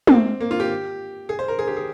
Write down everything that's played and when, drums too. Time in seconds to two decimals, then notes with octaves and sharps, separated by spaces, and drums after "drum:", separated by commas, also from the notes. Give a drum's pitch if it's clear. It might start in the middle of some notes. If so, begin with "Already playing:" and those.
0.07 A#3, drum: tom
0.11 C4
0.41 A#3
0.51 F4
0.60 G4
1.29 G#4
1.39 C5
1.48 A#4
1.59 G#4
1.67 G4
1.77 G#4